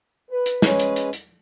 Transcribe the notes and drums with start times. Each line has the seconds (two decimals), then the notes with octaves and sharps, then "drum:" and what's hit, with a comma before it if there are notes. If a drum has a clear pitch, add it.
0.29 B4
0.46 drum: hi-hat
0.62 G#3 C#4 G#4 B4 C#5, drum: snare
0.79 drum: hi-hat
0.96 drum: hi-hat
1.13 drum: hi-hat